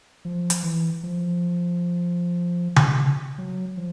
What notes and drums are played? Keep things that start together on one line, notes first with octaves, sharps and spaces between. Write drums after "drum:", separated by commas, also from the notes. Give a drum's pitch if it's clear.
F3
drum: hi-hat
E3
F3
drum: tom C#3
F#3
F3